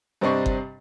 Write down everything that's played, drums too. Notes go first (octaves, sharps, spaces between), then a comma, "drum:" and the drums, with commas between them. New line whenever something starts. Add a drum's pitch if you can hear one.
G2 C3 C4 D4 D#5 C#6
drum: kick G1